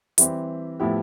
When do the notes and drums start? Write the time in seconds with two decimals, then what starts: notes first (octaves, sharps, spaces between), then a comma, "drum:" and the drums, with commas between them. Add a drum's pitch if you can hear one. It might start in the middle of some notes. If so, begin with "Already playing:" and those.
0.18 E3 G3 C4 G4, drum: hi-hat
0.80 A2 F3 B3 E4 G4